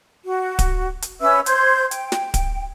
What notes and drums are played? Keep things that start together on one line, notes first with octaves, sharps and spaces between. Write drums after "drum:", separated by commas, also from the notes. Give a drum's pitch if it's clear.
F#4
drum: kick D1, hi-hat
drum: hi-hat
C#4 B4 E5 E6
C5 C6 G6 G#6, drum: hi-hat
G5, drum: hi-hat
drum: snare
drum: kick D1, hi-hat